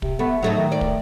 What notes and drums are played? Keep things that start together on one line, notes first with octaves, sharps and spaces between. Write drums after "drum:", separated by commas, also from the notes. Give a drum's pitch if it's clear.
C3, drum: kick
A3 B3
G#2 F#3 A3 D#4
D#3
D5
drum: kick